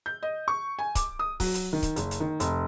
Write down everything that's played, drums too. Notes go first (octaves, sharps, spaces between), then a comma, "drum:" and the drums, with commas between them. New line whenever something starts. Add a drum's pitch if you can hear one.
G6
D#5
C#6
G#5
D6, drum: kick C#1, hi-hat
D#6
F#3, drum: kick C#1, open hi-hat
drum: hi-hat
D#3
drum: kick C#1, hi-hat
F#1, drum: hi-hat
drum: hi-hat
D#3
F1, drum: hi-hat